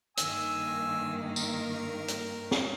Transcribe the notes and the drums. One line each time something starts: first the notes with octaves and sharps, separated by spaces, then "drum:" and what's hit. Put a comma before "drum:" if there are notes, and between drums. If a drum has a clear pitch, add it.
G2 D#3 A#3 G#5 E6, drum: hi-hat
A#4, drum: tambourine
drum: hi-hat
drum: snare